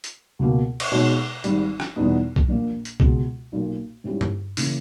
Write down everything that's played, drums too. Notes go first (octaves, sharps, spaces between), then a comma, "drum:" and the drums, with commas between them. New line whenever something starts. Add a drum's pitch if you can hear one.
drum: hi-hat
C#2 B2 A#3
drum: cymbal
B2 G#3 D#4 G#4 C#5
G#1 G#2 G3, drum: hi-hat
drum: rim click
E2 B2 G3 B3 D#4
drum: kick B1
A#1 A#2 A#3
drum: hi-hat
C#2 B2 G#3, drum: kick B1
B1 A#2 A#3
G#2 G3 C#4 E4 G4
drum: tom G2
C#3 E3 A#3, drum: open hi-hat